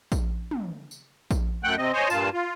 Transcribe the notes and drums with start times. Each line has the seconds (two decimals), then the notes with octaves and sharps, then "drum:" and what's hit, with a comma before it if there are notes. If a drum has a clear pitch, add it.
0.12 drum: kick A#1, tambourine
0.51 drum: tom
0.91 drum: tambourine
1.31 drum: kick A#1, tambourine
1.64 F#2 A3 F#5 G5 F#6
1.78 C3 C4 D#5
1.93 C5 C#5 D#5 G#5
2.10 G2 A#2 F4 A5, drum: tambourine
2.33 F4